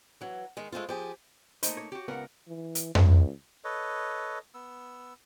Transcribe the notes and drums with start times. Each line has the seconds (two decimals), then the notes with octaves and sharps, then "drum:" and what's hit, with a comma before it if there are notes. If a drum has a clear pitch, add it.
0.21 E3 F#3
0.57 D#3 G#3
0.72 G#3 A3 C4 F4
0.89 F3 G4 G#4
1.63 A3 A#3 D#4 C5, drum: hi-hat
1.77 C#5
1.92 F#4 G4
2.08 C#2 B3 A#4 C#5 F#5
2.48 E3
2.75 drum: hi-hat
2.95 C#2, drum: tom F2
3.64 A4 B4 C#5 D#5
4.54 B3 E6